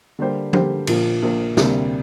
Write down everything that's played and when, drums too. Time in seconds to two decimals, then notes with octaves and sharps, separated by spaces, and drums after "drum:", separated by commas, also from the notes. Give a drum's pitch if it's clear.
0.19 D3 G3 A#3 G4 C5
0.53 D3 G3 A#3 G4 C5, drum: tom F3
0.87 A#1 A#2 F3 A#3, drum: cymbal
1.22 A#1 A#2 F3 A#3
1.57 D2 C3 G3 A#3, drum: snare